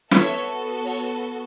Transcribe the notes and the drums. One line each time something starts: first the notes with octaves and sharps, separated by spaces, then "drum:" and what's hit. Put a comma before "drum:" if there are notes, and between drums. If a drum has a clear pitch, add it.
B3 F#4 A4 C#5 E5, drum: snare
C#5